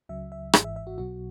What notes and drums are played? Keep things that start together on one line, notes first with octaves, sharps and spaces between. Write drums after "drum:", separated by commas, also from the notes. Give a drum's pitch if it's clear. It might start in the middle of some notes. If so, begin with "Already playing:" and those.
C#2 C#3 F#3 E5
E5
G#1 G#2 E3 G#4, drum: rim click
E5
E5
F#4
B1 B2 F#3 F#4